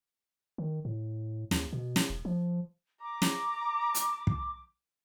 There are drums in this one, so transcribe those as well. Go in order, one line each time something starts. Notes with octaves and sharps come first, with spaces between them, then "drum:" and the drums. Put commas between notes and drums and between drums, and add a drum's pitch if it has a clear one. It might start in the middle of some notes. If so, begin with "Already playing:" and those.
D#3
A2
D#2, drum: snare
B2
drum: snare
E1
F3
A#5 D6
drum: snare
drum: hi-hat
drum: kick